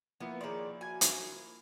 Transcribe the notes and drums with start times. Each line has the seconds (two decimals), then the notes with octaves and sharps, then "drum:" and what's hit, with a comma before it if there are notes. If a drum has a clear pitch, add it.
0.20 F3 A#3 B3 E4
0.41 D#3 G#4 C#5 D5 C6
0.81 F#4 G#5 G#6
1.01 drum: hi-hat